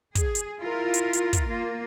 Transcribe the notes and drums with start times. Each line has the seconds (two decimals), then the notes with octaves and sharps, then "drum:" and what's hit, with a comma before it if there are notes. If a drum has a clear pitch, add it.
0.15 G#4, drum: kick, hi-hat
0.35 drum: hi-hat
0.58 E4 F4 A#4
0.94 drum: hi-hat
1.13 drum: hi-hat
1.33 drum: kick, hi-hat
1.47 A#3 F4